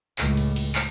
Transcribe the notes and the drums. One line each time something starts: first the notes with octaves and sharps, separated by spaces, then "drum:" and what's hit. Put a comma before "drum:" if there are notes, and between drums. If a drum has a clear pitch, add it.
C#2 A2, drum: clap
drum: cymbal
drum: cymbal
drum: clap